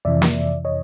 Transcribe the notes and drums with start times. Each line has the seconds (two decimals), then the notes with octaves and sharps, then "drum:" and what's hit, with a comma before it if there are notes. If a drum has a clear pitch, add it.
0.05 F2 C3 E3 D5 E5
0.22 drum: snare
0.65 C#5 D#5